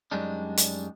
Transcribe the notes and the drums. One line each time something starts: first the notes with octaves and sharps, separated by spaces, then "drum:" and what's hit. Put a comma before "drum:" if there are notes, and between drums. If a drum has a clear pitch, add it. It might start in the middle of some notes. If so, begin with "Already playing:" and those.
F#2 G3 G#3 D4 D#4
drum: hi-hat